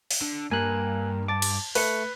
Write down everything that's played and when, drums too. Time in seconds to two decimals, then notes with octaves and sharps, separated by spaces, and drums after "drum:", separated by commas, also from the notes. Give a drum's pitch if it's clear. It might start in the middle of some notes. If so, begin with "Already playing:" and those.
0.11 drum: open hi-hat
0.22 D3
0.51 G2 A#3 G#5 F#6
1.28 A5 D6 A6
1.42 drum: cymbal
1.75 A3 B4 C#7, drum: open hi-hat